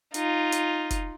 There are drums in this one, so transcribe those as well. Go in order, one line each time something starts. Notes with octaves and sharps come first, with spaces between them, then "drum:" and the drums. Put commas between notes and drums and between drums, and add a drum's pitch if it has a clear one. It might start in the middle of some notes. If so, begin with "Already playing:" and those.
D#4 F4, drum: hi-hat
drum: hi-hat
drum: kick, hi-hat